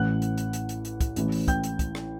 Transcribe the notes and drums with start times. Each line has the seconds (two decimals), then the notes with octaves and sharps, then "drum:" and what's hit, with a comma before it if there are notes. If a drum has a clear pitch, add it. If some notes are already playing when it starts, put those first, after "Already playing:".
Already playing: A1 A2 E3 F#5 F#6
0.22 drum: hi-hat
0.38 drum: hi-hat
0.53 drum: hi-hat
0.69 drum: hi-hat
0.85 drum: hi-hat
1.01 drum: kick, hi-hat
1.16 A1 A2 E3, drum: hi-hat
1.32 drum: open hi-hat
1.48 G5 G6, drum: kick, hi-hat
1.63 drum: hi-hat
1.79 drum: kick, hi-hat
1.95 drum: rim click